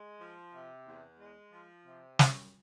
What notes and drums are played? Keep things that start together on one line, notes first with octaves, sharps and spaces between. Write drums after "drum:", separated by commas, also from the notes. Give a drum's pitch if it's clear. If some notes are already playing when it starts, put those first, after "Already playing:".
Already playing: G#3
F3
C3
E2
G#3
F3
C3
F#2, drum: snare